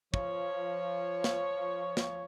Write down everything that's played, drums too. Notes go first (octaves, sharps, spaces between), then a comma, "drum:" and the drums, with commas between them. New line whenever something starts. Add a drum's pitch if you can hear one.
F3 C#5, drum: kick
drum: snare
drum: snare